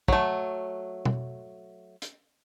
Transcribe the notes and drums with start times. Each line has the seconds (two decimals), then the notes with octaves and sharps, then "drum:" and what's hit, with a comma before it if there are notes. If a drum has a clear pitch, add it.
0.08 F#3 A3, drum: kick
1.05 drum: tom B2
2.02 drum: hi-hat